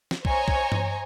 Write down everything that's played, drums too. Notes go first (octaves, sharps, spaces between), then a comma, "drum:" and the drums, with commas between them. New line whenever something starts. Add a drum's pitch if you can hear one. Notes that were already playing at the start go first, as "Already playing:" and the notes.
drum: snare
C5 C#5 D#5 G#5 A#5 C#6, drum: kick
drum: kick
drum: tom G2